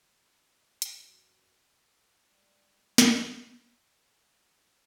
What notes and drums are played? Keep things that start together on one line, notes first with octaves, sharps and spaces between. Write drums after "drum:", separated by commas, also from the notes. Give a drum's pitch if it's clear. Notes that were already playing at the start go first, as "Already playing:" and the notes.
F#2, drum: hi-hat
G3 G#3
drum: snare